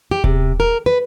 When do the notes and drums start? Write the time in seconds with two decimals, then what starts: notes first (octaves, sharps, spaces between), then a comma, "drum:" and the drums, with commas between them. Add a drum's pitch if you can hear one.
0.11 G4
0.24 C3, drum: kick D#1
0.60 A#4
0.86 B4